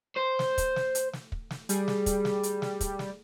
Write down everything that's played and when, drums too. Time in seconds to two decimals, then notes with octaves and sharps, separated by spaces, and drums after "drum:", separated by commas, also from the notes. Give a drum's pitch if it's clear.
0.17 C5
0.39 drum: snare
0.58 drum: kick, hi-hat
0.76 drum: snare
0.95 drum: hi-hat
1.13 drum: snare
1.32 drum: kick
1.51 drum: snare
1.69 G3 G#4, drum: hi-hat
1.88 drum: snare
2.06 drum: kick, hi-hat
2.25 drum: snare
2.43 drum: hi-hat
2.62 drum: snare
2.81 drum: kick, hi-hat
2.99 drum: snare